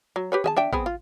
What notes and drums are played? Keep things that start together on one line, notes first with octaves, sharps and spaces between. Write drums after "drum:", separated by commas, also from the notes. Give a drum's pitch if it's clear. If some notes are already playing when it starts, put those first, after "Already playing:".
F#3
G4 B4 C#5
G#4 E5 A5, drum: tom
D4 E5 G5
B3 C4 G#4, drum: kick
F4